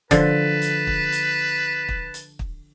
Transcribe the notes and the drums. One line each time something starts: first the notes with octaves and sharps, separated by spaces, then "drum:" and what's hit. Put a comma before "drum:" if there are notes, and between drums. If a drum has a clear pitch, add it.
D3 F3 B4 A5, drum: kick, hi-hat
drum: hi-hat
drum: kick
drum: hi-hat
drum: kick
drum: hi-hat
drum: kick